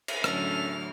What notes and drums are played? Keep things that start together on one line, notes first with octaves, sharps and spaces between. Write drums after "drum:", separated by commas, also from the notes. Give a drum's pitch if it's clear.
drum: cymbal
A2 D3 F#3 C#4 A4 F6, drum: rim click